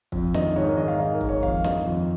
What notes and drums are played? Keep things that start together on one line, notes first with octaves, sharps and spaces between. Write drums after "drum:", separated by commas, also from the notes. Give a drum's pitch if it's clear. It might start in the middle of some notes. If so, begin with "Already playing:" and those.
F2, drum: kick
D#3 D#5, drum: snare
G#2 C#5
A#4
D#3 D#5
F5
G#2 D#5
A#4
D#3, drum: kick
C#5
F2 F5, drum: kick
D#3 D#5, drum: snare
F2